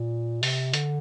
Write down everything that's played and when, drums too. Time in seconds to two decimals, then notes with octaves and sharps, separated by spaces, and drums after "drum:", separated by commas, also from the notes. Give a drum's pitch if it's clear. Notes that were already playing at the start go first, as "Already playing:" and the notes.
Already playing: A#2
0.43 C3, drum: open hi-hat
0.74 D3, drum: hi-hat